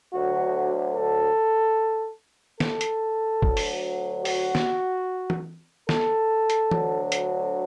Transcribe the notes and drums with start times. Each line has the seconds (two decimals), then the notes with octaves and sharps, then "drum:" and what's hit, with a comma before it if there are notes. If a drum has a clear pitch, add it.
0.14 D2 D3 F#3 F#4
0.96 A4
2.60 A4, drum: snare
2.81 drum: hi-hat
3.42 D2 D3 F#3, drum: kick
3.57 drum: open hi-hat
4.25 F#4, drum: open hi-hat
4.55 drum: snare
5.30 drum: tom E3
5.89 A4, drum: snare
6.50 drum: hi-hat
6.71 D2 D3 F#3, drum: tom E3
7.12 drum: hi-hat